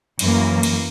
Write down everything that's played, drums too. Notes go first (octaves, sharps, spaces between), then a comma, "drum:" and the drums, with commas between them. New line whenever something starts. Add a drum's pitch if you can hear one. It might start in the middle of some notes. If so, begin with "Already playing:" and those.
F#2 E3 A#3, drum: cymbal
drum: cymbal